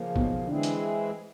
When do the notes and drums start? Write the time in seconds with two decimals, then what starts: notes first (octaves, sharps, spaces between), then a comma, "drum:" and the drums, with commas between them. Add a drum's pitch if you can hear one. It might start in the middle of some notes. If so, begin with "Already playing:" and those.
Already playing: C#3 F3 A#3
0.16 B1 B2, drum: kick
0.47 D3 E3 G#3 C4 E4 G#4
0.63 drum: hi-hat